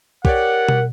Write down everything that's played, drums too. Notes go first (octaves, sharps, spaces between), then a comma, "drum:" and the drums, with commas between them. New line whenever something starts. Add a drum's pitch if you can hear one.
G4 A#4 C#5 D5 F#5, drum: kick
drum: tom B2